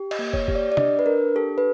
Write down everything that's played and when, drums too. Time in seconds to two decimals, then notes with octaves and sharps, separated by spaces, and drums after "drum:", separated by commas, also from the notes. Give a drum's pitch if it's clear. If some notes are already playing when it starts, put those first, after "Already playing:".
Already playing: G4
0.11 D#5, drum: cymbal
0.19 A#3
0.33 C#5, drum: kick
0.48 G4, drum: kick
0.55 D5
0.72 D5
0.77 D4 D#5, drum: tom
0.99 B4
1.06 D4 A#4
1.35 G4 A4
1.58 B4